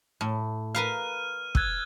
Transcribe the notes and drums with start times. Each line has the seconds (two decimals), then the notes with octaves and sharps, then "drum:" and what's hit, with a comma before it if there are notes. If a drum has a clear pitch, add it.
0.21 A2
0.75 A#4 B4 F5 F6 D#7
1.55 E6 F#6 G#6, drum: kick